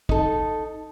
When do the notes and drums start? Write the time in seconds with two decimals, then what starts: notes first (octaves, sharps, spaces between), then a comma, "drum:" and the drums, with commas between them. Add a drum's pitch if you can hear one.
0.09 D#4 A4, drum: kick